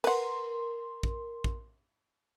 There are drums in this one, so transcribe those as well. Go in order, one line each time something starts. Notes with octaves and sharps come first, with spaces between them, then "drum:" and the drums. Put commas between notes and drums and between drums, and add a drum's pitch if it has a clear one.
A#4 B4 F#5 C6, drum: cymbal
drum: kick
drum: kick